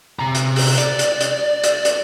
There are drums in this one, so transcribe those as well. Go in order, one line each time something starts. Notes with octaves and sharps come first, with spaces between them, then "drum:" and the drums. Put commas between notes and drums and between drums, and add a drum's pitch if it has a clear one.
C3 A#5
drum: hi-hat
drum: open hi-hat
D5, drum: hi-hat
drum: hi-hat
drum: hi-hat
drum: hi-hat
drum: hi-hat